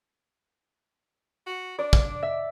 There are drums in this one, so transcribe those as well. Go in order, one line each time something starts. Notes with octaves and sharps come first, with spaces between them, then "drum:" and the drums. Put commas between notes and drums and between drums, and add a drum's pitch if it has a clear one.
F#4
D4 D5
drum: kick
E5